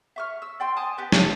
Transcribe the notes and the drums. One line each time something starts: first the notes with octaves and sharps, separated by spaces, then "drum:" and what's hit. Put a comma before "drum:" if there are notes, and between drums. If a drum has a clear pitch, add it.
E5 C#6 F6
E6
D5 G5 C6
G#5 A5 D#6
B3 G4 B4
G4 C#6, drum: snare